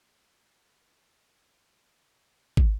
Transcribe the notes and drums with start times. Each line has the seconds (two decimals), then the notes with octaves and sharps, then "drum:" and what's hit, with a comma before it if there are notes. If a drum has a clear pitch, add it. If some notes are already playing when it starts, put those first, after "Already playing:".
1.98 F2 G#3 D4 F4 C#7
2.57 drum: kick